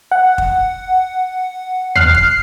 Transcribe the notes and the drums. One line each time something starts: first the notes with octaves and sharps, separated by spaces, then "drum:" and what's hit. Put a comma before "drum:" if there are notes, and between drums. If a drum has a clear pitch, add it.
F#5
drum: kick
F6 F#6 C7, drum: tom D#2
drum: kick